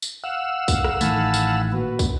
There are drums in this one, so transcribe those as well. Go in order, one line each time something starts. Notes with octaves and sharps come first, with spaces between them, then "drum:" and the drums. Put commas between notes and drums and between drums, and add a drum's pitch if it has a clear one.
drum: tambourine
F5 F#5 E6
drum: kick, tambourine
drum: rim click
A1 D#3 A3 G#5 A5 B5, drum: tambourine
drum: tambourine
A#2 F#4 B4
drum: kick, tambourine